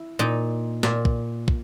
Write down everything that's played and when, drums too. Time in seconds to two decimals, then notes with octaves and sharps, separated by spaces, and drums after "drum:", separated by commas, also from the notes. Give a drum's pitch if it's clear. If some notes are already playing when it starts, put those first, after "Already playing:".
Already playing: E4
0.19 A#2 D#4
0.83 A#2, drum: snare
1.05 drum: kick
1.48 drum: kick